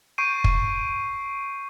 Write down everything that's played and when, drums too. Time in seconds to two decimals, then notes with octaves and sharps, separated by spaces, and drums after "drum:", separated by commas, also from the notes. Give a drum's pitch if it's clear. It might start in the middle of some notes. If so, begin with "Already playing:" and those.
0.18 C#6 G6 C7 D7 D#7
0.44 drum: kick